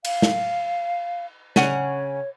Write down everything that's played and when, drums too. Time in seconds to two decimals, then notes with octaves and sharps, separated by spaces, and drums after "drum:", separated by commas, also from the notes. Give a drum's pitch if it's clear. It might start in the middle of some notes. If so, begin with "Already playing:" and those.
0.05 F5, drum: cymbal
0.22 drum: snare
1.56 C#3 C#4 C#5 F#5, drum: snare